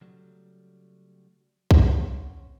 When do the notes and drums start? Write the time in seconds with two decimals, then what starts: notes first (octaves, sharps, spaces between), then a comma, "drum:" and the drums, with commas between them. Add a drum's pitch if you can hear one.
0.01 C#3 F#3 G3 A3
1.71 drum: kick B1
2.04 D#2 C4 C#4 C#5 F#5 C6